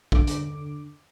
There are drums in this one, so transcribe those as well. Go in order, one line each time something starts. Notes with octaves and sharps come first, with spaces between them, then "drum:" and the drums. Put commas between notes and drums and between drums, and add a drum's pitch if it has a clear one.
D3 D6, drum: kick
drum: hi-hat